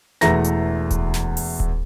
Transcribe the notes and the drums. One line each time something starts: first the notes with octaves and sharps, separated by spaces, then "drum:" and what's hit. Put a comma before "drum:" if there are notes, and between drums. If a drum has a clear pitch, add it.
E1 E2 E3 A3 A#5 A#6, drum: snare
drum: hi-hat
drum: kick D1, hi-hat
drum: snare
drum: open hi-hat
drum: kick D1